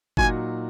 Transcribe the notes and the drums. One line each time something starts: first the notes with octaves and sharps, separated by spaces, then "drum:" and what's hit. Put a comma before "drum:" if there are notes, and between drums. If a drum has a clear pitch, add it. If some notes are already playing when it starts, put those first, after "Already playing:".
A#2 F#3 D#4 F#4 G#5, drum: kick F#1